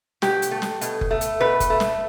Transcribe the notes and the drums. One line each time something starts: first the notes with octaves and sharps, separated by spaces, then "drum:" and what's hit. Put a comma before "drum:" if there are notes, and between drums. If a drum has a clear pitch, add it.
B2 G4, drum: snare
drum: hi-hat
A3
drum: snare
B2, drum: hi-hat
drum: kick F#1
A3
drum: hi-hat
B2 B4
drum: kick F#1, hi-hat
A3
drum: snare